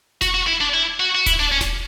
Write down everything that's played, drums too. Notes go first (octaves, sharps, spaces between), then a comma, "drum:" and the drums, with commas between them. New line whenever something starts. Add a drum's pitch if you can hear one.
F#4, drum: snare E1
F#4
E4
D4
E4
F#4
F#4
E4, drum: kick D1, hi-hat
D4
C#4
drum: snare E1